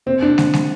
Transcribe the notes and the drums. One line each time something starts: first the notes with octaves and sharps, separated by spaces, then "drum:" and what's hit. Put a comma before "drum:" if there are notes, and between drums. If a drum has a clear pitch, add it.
C3 C4
D4
drum: snare
drum: snare